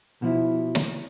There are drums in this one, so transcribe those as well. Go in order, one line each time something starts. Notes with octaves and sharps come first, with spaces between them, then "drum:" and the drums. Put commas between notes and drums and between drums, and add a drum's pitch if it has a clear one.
B2 F3 E4
drum: snare